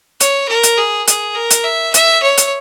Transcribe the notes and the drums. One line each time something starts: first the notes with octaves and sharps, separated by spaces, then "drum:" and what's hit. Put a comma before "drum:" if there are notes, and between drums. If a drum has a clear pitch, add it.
C#5, drum: hi-hat
A#4
drum: hi-hat
G#4
G#4, drum: hi-hat
A#4
drum: hi-hat
E5
E5, drum: hi-hat
C#5
drum: hi-hat